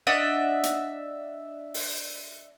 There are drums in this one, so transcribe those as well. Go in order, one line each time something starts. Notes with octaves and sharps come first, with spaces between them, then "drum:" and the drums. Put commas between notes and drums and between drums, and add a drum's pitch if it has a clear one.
D4 D#5 E5 F#5
drum: hi-hat
drum: open hi-hat